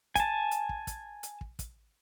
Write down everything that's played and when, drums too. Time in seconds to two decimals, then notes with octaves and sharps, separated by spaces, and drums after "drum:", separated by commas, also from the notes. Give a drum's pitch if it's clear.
0.16 G#5 A5, drum: kick, hi-hat
0.51 drum: hi-hat
0.69 drum: kick
0.87 drum: kick, hi-hat
1.23 drum: hi-hat
1.41 drum: kick
1.59 drum: kick, hi-hat